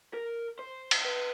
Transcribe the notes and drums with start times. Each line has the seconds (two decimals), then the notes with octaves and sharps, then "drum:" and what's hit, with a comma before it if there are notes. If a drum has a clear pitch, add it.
0.14 A#4
0.59 C5
0.91 drum: cymbal
1.05 B4